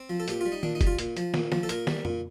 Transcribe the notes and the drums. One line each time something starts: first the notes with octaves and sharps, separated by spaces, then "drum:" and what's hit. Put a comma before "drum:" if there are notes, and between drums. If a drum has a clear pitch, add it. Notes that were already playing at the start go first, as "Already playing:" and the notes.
Already playing: C4
F3
A4
A#2 G4, drum: hi-hat
G3 F4
D#4
A#2 D4, drum: tom D#3
D#4
G3, drum: kick, hi-hat
F4
A#2, drum: hi-hat
F3, drum: hi-hat
A#2, drum: snare
F3, drum: snare
A4
A#2 A#4, drum: hi-hat
G3, drum: snare
A#2, drum: tom F2